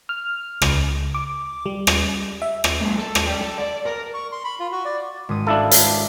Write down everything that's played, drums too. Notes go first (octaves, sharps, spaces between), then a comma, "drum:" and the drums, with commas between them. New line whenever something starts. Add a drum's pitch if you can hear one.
F6
C#2, drum: rim click
D6
G3
drum: rim click
E5
drum: rim click
G#3 A#3
A4
drum: rim click
G3 G4
A4
D5
A#4
C#6
C6
B5
F4
F#4
D5
G#1 C#4 D#6
D4 E4 A4 F5
drum: hi-hat